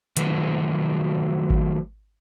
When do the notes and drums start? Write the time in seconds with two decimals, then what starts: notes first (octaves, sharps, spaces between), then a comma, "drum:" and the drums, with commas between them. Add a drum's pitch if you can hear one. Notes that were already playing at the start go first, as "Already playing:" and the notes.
0.17 D#3 F3 F#3 A3 F#4 B4, drum: hi-hat
1.50 drum: kick G#1